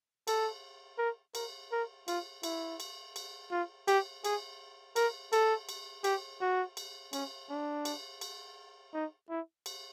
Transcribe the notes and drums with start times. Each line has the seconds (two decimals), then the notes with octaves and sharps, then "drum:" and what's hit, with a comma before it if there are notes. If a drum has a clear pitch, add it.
0.28 A4, drum: cymbal
0.99 A#4
1.35 A#4, drum: cymbal
1.72 A#4
2.08 F4, drum: cymbal
2.43 E4, drum: cymbal
2.80 drum: cymbal
3.16 drum: cymbal
3.51 F4
3.88 G4, drum: cymbal
4.25 G#4, drum: cymbal
4.96 A#4, drum: cymbal
5.33 A4, drum: cymbal
5.69 drum: cymbal
6.04 G4, drum: cymbal
6.41 F#4
6.77 drum: cymbal
7.13 C#4, drum: cymbal
7.50 D4
7.85 drum: cymbal
8.21 drum: cymbal
8.94 D#4
9.30 E4
9.66 drum: cymbal